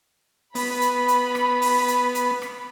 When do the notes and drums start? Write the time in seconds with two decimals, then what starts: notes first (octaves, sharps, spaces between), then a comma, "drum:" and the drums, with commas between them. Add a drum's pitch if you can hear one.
0.55 B3 B5, drum: open hi-hat
0.82 drum: hi-hat
1.08 drum: hi-hat
1.35 drum: rim click
1.62 drum: open hi-hat
1.88 drum: hi-hat
2.15 drum: hi-hat
2.42 drum: rim click